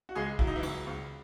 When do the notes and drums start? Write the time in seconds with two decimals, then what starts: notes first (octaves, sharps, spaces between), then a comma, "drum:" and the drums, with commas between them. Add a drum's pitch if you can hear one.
0.09 F#4
0.15 C#2 G#3 G#4
0.39 F#3 E4, drum: kick
0.47 D#4
0.56 E3 E4
0.63 C#2, drum: cymbal
0.87 C#2